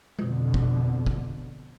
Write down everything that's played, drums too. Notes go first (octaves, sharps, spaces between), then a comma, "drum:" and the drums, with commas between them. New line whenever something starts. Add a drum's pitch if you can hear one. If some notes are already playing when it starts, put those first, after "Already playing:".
F2 B2 D3, drum: tom G#3
drum: kick
drum: kick